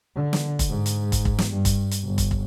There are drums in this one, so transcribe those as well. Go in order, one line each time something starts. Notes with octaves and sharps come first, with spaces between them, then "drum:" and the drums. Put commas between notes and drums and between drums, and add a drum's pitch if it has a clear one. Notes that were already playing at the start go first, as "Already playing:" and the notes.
D3
drum: snare
drum: kick, hi-hat
G#2
drum: hi-hat
drum: kick, hi-hat
drum: kick
drum: snare
G2
drum: kick, hi-hat
drum: hi-hat
G1
drum: kick, hi-hat
drum: kick